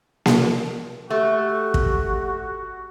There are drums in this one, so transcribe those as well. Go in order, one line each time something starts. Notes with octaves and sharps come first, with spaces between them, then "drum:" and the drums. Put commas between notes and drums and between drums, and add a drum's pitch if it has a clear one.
drum: snare A#3
A3 F#4 G4
drum: kick